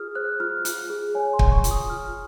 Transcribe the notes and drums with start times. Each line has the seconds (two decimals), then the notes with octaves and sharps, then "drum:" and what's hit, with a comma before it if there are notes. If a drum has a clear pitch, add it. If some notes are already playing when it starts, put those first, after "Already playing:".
Already playing: F4 G#4 D#6 F6
0.15 C5 F#6
0.40 F4 F6
0.65 F4, drum: hi-hat
0.90 G#4
1.15 C#5 G#5
1.33 C6
1.39 C#5, drum: kick
1.51 C#6
1.64 F4, drum: hi-hat
1.71 D#6
1.89 F4 F6